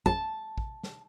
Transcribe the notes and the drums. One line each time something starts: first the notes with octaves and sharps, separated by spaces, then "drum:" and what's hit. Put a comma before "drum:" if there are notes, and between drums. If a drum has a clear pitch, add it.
A5, drum: kick
drum: kick
drum: snare